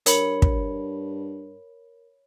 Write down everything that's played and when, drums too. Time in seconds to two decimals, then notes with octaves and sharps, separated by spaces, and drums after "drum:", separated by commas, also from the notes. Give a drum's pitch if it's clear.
0.06 G2 A#4 C#5 B5 C#7, drum: hi-hat
0.42 drum: kick